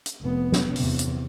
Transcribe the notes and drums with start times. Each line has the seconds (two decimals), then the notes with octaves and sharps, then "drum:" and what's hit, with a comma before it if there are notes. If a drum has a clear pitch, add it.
0.06 drum: hi-hat
0.21 F1 B3
0.52 drum: snare
0.76 E2 C3, drum: open hi-hat
0.99 drum: hi-hat